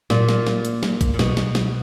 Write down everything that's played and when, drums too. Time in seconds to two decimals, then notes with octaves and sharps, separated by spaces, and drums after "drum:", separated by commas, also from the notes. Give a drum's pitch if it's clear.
0.10 A#2, drum: snare
0.28 drum: snare
0.47 drum: snare
0.65 drum: hi-hat
0.83 drum: snare
1.01 drum: kick, hi-hat
1.14 A#2
1.19 B2, drum: snare
1.37 drum: snare
1.55 drum: snare